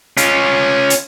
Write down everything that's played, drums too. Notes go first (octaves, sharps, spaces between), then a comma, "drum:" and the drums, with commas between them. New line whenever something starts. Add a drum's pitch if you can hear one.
C#4 F4, drum: hi-hat
drum: hi-hat